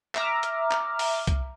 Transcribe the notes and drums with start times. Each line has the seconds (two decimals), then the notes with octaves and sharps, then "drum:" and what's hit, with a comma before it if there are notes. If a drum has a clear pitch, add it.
0.15 E5 A#5 D6 F6, drum: clap
0.43 drum: hi-hat
0.71 drum: clap
0.99 drum: open hi-hat
1.27 drum: kick C2, hi-hat